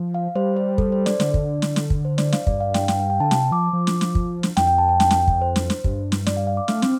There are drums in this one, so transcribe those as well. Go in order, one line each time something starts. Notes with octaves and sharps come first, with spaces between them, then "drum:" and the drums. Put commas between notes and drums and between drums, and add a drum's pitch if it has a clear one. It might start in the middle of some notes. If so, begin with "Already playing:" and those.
Already playing: F3
F5
G3 C5
C5
A4, drum: kick
C5
D5, drum: snare
D3, drum: snare
drum: kick
drum: snare
drum: snare
drum: kick
C5
D5, drum: snare
F5, drum: snare
G2 D5, drum: kick
F5
G5, drum: snare
G5, drum: snare
F5
G5
D3 A5
C3 A5, drum: snare
F3 D6
F3
drum: snare
drum: snare
drum: kick
drum: snare
F2 G5, drum: snare
G5
A5
G5
G5, drum: snare
G5, drum: snare
drum: kick
C5
drum: snare
drum: snare
G2, drum: kick
drum: snare
D5, drum: snare
F5
F5
D6
A3 F6, drum: snare
C4, drum: snare